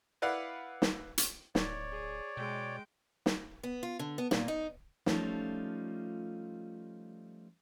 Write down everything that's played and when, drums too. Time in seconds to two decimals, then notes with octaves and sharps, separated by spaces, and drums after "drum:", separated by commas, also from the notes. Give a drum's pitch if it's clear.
0.22 E4 B4 D5 F5 F#5
0.82 drum: snare
1.18 drum: hi-hat
1.55 D1 C#5 D5, drum: snare
1.92 G#4
2.37 B2 G#3 G5
3.26 drum: snare
3.63 B3
3.83 F4
3.99 D3
4.18 B3
4.31 A#2, drum: snare
4.48 D#4
5.06 F3 G3 A3 C#4 D#4 F4, drum: snare